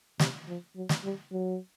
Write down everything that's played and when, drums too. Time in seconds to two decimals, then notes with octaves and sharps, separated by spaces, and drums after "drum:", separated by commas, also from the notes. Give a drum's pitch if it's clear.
0.19 C3, drum: snare
0.48 F3
0.76 F#3
0.89 drum: snare
1.04 G3
1.32 F#3